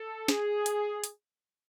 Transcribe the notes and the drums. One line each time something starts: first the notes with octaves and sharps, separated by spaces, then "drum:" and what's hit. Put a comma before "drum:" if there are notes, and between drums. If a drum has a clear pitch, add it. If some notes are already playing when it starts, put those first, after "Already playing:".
Already playing: A4
G#4, drum: snare
drum: hi-hat
drum: hi-hat